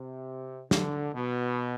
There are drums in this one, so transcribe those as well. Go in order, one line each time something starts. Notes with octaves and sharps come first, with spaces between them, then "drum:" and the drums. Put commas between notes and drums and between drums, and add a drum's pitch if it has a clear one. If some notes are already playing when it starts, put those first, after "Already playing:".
Already playing: C3
D3, drum: snare
B2